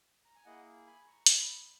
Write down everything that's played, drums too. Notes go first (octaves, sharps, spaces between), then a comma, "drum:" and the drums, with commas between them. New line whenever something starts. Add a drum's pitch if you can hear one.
A#5
G#5
A#3 E4 G#4 D#5 F#5
G#5 B5
A#5 C#6
drum: hi-hat
B5 D#6